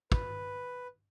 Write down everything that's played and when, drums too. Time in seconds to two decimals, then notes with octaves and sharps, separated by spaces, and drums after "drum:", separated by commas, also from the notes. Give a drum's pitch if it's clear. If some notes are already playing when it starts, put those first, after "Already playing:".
0.12 B4, drum: kick